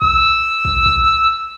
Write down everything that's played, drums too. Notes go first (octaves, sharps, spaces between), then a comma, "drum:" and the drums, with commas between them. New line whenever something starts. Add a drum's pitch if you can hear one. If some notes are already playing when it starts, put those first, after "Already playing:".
E6, drum: kick
drum: kick
drum: kick